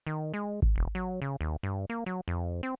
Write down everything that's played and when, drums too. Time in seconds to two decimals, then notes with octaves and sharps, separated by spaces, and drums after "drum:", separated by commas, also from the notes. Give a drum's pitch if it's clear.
0.07 D#3
0.34 G#3
0.62 drum: kick G#1
0.76 E1
0.95 F#3
1.22 C#3
1.41 D#2
1.63 G2
1.90 A#3
2.06 F#3
2.28 F2
2.63 C4